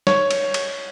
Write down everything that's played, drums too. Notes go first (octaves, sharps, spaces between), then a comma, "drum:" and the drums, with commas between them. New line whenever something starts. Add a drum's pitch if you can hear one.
C#5, drum: snare
drum: cymbal
drum: cymbal